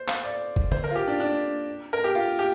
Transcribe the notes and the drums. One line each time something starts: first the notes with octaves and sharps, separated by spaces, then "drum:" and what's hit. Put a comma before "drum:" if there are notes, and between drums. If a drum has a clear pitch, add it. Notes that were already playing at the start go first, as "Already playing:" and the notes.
Already playing: C5
F5, drum: clap
D5
drum: kick
C5, drum: tom D3
A#4
F4
G4
D4
D4
A#4
G4
F4
G4